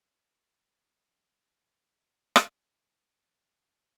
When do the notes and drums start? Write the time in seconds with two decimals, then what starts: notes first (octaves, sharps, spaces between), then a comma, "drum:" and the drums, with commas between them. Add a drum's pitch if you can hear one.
1.09 F3 G3
2.36 drum: rim click
3.18 E3 B3 C#5